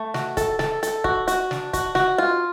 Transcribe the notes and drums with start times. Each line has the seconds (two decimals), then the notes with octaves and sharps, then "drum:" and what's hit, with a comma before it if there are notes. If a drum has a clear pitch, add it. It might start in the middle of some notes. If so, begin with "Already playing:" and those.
Already playing: A3
0.14 F#4, drum: snare
0.37 A4, drum: kick, hi-hat
0.59 A4, drum: snare
0.83 A4, drum: hi-hat
1.04 F#4, drum: kick
1.28 F#4, drum: hi-hat
1.51 D4, drum: snare
1.73 F#4, drum: kick, hi-hat
1.95 F#4, drum: snare
2.18 F4